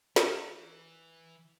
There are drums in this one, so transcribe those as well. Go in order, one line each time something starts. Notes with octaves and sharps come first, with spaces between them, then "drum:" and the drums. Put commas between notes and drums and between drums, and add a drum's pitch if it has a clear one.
E3, drum: snare